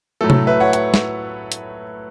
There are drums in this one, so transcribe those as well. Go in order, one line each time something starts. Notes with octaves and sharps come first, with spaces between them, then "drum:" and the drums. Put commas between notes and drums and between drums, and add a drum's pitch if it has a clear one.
A2 F#3 A3 A4
drum: tom C3
B4 E5
C#5 F#5
C#5 F#5, drum: hi-hat
drum: snare
drum: hi-hat